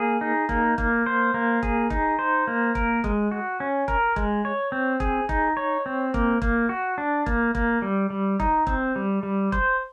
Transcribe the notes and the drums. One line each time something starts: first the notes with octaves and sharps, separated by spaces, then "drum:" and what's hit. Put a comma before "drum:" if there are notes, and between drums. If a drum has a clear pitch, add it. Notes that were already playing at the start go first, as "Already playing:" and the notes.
Already playing: A#3 G#4
D#4
A#3, drum: kick
A#3, drum: kick
C5
A#3
G#4, drum: kick
D#4, drum: kick
C5
A#3
A#4, drum: kick
G#3, drum: kick
F#4
C#4
A#4, drum: kick
G#3, drum: kick
C#5
C4
G#4, drum: kick
D#4, drum: kick
C#5
C4
A#3, drum: kick
A#3, drum: kick
F#4
D4
A#3, drum: kick
A#3, drum: kick
G3
G3
D#4, drum: kick
C4, drum: kick
G3
G3
C5, drum: kick